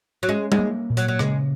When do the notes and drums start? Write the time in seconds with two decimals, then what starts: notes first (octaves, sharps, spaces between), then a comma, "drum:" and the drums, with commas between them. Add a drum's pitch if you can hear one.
0.23 F#3
0.28 G#3 C#4
0.52 G#3, drum: tom G3
0.59 A#3
0.90 A#2
0.97 F#3, drum: hi-hat
1.08 F#3
1.19 C#3 G#3, drum: rim click